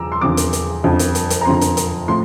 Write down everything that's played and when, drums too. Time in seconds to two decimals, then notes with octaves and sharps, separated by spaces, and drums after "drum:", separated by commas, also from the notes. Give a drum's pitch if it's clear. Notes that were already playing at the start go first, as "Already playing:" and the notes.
Already playing: E2 F3 A#5 D6 E6
0.12 C6
0.21 E2 D3 F3 C4 D6
0.37 drum: hi-hat
0.53 drum: hi-hat
0.84 F2 D3 F3 C4
0.99 drum: hi-hat
1.15 drum: hi-hat
1.30 drum: hi-hat
1.41 A#5
1.45 F2 D3 F3 C4 C6
1.61 drum: hi-hat
1.77 drum: hi-hat
2.08 A2 F3 C6